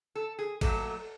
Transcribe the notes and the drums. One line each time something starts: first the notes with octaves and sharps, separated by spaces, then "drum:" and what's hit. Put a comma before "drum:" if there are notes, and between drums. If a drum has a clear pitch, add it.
A4
G#4
A#2 F#3 A3 A4, drum: kick, cymbal